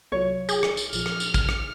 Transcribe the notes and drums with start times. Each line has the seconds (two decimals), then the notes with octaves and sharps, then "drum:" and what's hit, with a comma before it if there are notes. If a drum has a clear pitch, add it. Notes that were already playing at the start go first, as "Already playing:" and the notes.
0.12 C2 F#3 F4 C#5
0.49 G#4, drum: tambourine
0.63 drum: rim click
0.77 drum: tambourine
0.93 A#1 F3 F6, drum: tambourine
1.06 drum: rim click
1.20 drum: tambourine
1.34 drum: kick, tambourine
1.49 drum: rim click